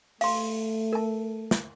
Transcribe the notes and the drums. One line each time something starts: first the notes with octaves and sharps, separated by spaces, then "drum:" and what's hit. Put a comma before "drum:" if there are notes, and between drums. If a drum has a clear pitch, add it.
A3 F5 C6, drum: open hi-hat
A#4 A5
drum: snare